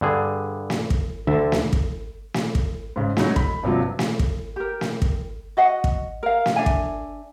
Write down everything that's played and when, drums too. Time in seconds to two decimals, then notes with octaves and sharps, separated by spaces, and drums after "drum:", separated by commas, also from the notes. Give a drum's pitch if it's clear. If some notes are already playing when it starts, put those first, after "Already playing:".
0.01 G2 D3 G#4
0.70 drum: snare
0.90 drum: kick
1.27 D2 D3 E5
1.52 drum: snare
1.73 drum: kick
2.34 drum: snare
2.55 drum: kick
2.96 G#2 C#3
3.17 F#3 G#3 C#4 D#4 C#5, drum: snare
3.36 B5, drum: kick
3.63 G2 C3 F3 F#3
3.99 drum: snare
4.19 drum: kick
4.56 G4 A#4
4.81 drum: snare
5.02 drum: kick
5.57 F#4 D#5 F#5
5.84 drum: kick
6.23 A#4 F5
6.46 drum: snare
6.56 D4 E5 G#5
6.66 drum: kick